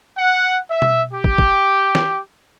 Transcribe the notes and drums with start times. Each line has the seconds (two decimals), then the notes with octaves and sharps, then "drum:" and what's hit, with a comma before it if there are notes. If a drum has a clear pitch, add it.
0.17 F#5
0.68 E5
0.82 drum: tom B2
1.13 G4
1.24 drum: kick
1.38 drum: kick
1.95 drum: snare